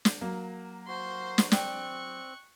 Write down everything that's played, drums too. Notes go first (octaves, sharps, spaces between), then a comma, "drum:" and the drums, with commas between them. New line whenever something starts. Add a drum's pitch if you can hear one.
drum: snare
F#3 A#3
F#4 C5 C6
drum: snare
C4 D5 G5 C#6 F#6, drum: snare